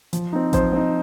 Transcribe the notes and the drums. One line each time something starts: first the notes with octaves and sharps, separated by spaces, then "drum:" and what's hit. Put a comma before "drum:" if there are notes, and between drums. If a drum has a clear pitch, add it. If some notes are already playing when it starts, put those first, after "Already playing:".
F3, drum: hi-hat
C4 D#4
F3 C5, drum: kick A1, hi-hat
C4 D#4